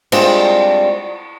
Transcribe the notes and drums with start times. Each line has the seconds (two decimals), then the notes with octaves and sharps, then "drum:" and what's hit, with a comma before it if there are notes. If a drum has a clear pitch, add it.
0.12 G3 G#3 C4 D4 F4 C5, drum: cymbal